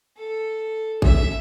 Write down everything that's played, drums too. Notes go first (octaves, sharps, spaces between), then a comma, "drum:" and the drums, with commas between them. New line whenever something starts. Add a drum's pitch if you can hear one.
A4
E5, drum: kick